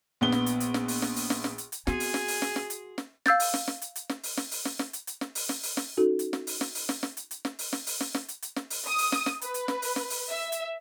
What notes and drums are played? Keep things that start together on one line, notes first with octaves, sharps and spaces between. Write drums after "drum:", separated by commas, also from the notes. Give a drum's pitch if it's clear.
A#1 B3 G7
drum: snare
drum: hi-hat
drum: hi-hat
drum: snare
drum: open hi-hat
drum: snare
drum: open hi-hat
drum: snare
drum: snare
drum: hi-hat
drum: hi-hat
B3 C4 F#4 G#4 G#5, drum: snare
drum: open hi-hat
drum: snare
drum: open hi-hat
drum: snare
drum: snare
drum: hi-hat
drum: snare
F5 E6 G6 A6, drum: snare
drum: open hi-hat
drum: snare
drum: snare
drum: hi-hat
drum: hi-hat
drum: snare
drum: open hi-hat
drum: snare
drum: open hi-hat
drum: snare
drum: snare
drum: hi-hat
drum: hi-hat
drum: snare
drum: open hi-hat
drum: snare
drum: open hi-hat
drum: snare
C#4 D#4 F#4 A4
drum: hi-hat
drum: snare
drum: open hi-hat
drum: snare
drum: open hi-hat
drum: snare
drum: snare
drum: hi-hat
drum: hi-hat
drum: snare
drum: open hi-hat
drum: snare
drum: open hi-hat
drum: snare
drum: snare
drum: hi-hat
drum: hi-hat
drum: snare
drum: open hi-hat
D#6
drum: open hi-hat
drum: snare
drum: snare
B4, drum: hi-hat
drum: hi-hat
drum: snare
drum: open hi-hat
drum: snare
drum: open hi-hat
E5
drum: hi-hat